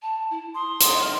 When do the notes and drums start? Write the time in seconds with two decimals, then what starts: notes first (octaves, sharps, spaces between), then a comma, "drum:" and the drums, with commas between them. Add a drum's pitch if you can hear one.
0.02 A5
0.31 E4
0.55 C6 D#6
0.80 drum: hi-hat
1.01 F6